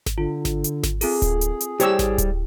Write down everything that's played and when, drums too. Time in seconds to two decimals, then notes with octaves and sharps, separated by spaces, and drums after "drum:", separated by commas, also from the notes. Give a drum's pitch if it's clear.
0.06 drum: snare G#1
0.18 D3 F4
0.45 drum: snare G#1
0.64 drum: hi-hat
0.83 drum: snare G#1
1.01 C4 F4 G#4 A4, drum: open hi-hat
1.22 drum: kick D1, hi-hat
1.41 drum: hi-hat
1.61 drum: hi-hat
1.80 G3 E4 G4 C5 C#5 E6, drum: hi-hat
1.99 drum: snare G#1
2.18 drum: kick D1, hi-hat